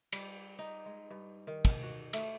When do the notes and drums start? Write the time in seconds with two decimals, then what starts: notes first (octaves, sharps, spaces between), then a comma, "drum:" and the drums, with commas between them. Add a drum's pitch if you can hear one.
0.13 G3, drum: cymbal
0.59 D#4
0.86 G#3
1.10 G2
1.47 D#3
1.65 drum: kick, cymbal
1.83 F#4
2.13 A3, drum: cymbal